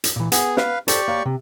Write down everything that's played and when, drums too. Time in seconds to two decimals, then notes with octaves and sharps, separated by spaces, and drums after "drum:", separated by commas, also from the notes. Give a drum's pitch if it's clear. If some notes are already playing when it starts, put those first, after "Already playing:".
0.04 drum: hi-hat
0.16 A#2 E3
0.32 B3 G#4 F#5, drum: hi-hat
0.57 B4 F5, drum: snare
0.88 G4 A4 C5 D5 C#6, drum: hi-hat
1.08 A#3 C#5 F5
1.25 C3